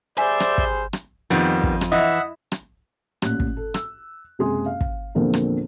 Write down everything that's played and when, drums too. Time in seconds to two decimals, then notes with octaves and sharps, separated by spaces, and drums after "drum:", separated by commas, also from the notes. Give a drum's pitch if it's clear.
0.18 G3 G#4 C5 D5 E5 G#5
0.40 drum: rim click
0.58 drum: kick
0.93 drum: rim click
1.30 F2 D#3 G3 B3
1.64 drum: kick
1.81 drum: rim click
1.92 E3 D#5 E5 F#5
2.52 drum: rim click
3.22 A1 A#2 F#6, drum: rim click
3.40 drum: kick
3.57 A4
3.74 E6, drum: rim click
4.39 F#1 C3 G#3 G#4 C6
4.66 F5
4.81 drum: kick
5.15 E2 A#2 D3 F3 A#3 C4
5.33 drum: rim click